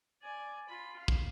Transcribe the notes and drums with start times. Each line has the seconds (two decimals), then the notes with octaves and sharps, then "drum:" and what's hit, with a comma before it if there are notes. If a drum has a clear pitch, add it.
0.22 D5 G#5
0.68 F4 B5
0.99 F5
1.08 drum: kick